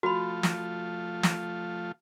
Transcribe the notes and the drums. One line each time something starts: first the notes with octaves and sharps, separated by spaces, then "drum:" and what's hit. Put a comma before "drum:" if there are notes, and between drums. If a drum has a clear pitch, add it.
F3 A3 F4 F#4 B5
drum: snare
drum: snare